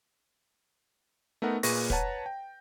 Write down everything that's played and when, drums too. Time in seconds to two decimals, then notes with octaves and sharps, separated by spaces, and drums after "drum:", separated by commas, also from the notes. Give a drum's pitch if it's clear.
1.42 A3 B3 D#4 A#4 F#5
1.63 A#2 A#3 G#4 B4 C#6 A#6, drum: open hi-hat
1.90 B4 C#5 F#5 A5 A#5, drum: kick
2.26 G5